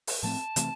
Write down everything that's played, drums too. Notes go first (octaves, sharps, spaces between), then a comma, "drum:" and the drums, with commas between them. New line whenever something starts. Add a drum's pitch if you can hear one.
drum: open hi-hat
A2 F3 A3 C4 A5
C3 E3 A3 C4, drum: hi-hat